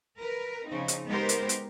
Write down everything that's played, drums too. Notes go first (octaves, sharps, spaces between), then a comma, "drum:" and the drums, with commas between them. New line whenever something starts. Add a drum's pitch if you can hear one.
A#4 B4
C#3 F3 C4 D#4
drum: hi-hat
G#3 B3 D#4 G4 A#4 C5
drum: hi-hat
drum: hi-hat